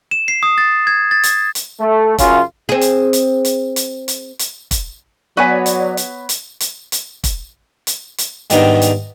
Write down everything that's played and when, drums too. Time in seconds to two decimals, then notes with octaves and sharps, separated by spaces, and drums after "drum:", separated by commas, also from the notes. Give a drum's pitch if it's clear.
0.11 E7
0.28 C7
0.43 D#6
0.58 A6
0.87 G#6
1.11 A6
1.23 drum: hi-hat
1.55 drum: hi-hat
1.80 A3
2.18 F#2 C#3 C#4 F4, drum: kick, hi-hat
2.69 C4 G#4
2.81 drum: hi-hat
3.13 drum: hi-hat
3.45 drum: hi-hat
3.76 drum: hi-hat
4.08 drum: hi-hat
4.39 drum: hi-hat
4.71 drum: kick, hi-hat
5.37 F#3 B3 F#4 B4 C#5 D5 G#5
5.66 drum: hi-hat
5.97 drum: hi-hat
6.29 drum: hi-hat
6.60 drum: hi-hat
6.92 drum: hi-hat
7.24 drum: kick, hi-hat
7.87 drum: hi-hat
8.18 drum: hi-hat
8.50 G#2 D#3 G3 B3 D4 D#4, drum: hi-hat
8.82 drum: hi-hat